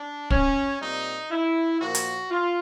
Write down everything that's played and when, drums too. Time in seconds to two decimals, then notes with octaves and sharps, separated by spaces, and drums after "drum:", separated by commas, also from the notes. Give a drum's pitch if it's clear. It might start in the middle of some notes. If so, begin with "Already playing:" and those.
Already playing: D4
0.30 C#4, drum: kick
0.80 A#2 G3 C4 D#4
1.30 E4
1.80 A#2 F3 A#3 F#4
1.95 drum: hi-hat
2.30 F4